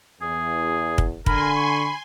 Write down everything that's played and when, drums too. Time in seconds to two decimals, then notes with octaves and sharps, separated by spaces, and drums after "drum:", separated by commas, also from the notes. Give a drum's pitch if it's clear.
0.22 E2 G#4
0.98 drum: kick
1.26 D3 A#4 G#5 B5 C6, drum: kick
1.56 C#6